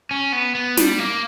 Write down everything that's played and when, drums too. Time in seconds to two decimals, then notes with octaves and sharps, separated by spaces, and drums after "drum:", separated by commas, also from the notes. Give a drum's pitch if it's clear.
0.11 C#4
0.32 B3
0.55 B3
0.77 G3, drum: snare
0.99 A#3